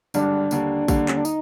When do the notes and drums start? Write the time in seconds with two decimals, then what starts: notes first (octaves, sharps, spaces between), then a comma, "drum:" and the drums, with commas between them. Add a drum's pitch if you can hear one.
0.14 G#1 G2 D3 G3 D4, drum: tambourine
0.51 D#2 D3 G3 A#3, drum: tambourine
0.88 D#2 D3 G3 A#3, drum: kick, tambourine
1.08 C#4, drum: clap
1.17 D4
1.25 D#4, drum: tambourine